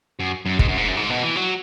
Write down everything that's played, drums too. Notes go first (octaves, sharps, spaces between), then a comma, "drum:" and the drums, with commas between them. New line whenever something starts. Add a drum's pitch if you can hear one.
F#2
F#2
G#2, drum: kick
F#2
G#2
F#2
G#2
B2
E3
F#3